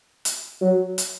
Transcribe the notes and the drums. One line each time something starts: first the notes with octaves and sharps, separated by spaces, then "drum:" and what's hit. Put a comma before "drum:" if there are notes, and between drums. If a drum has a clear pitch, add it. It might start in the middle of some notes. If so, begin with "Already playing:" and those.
drum: hi-hat
F#3
drum: hi-hat